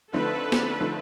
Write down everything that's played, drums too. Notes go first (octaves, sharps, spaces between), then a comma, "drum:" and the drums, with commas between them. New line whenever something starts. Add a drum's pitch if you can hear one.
D3 F3 A3 C4 D#4 A4 B4
drum: snare
D3 F3 A3 C4 D#4